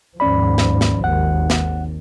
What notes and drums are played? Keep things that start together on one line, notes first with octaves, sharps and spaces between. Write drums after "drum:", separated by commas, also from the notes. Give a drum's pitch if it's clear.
D#2 G#2 F3 C#4 D5 B5
drum: snare
drum: snare
G#1 D#2 F#5
drum: snare